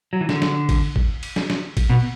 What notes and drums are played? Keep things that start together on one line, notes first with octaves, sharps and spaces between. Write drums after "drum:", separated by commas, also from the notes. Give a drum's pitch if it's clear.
F#3
E3
D3, drum: snare
drum: snare
drum: kick, cymbal
drum: kick
drum: cymbal
drum: snare
drum: snare
drum: kick, cymbal
B2